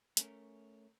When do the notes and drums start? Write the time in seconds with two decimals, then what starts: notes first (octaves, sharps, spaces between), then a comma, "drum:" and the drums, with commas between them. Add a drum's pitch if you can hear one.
0.17 A3 C#4 A#4, drum: hi-hat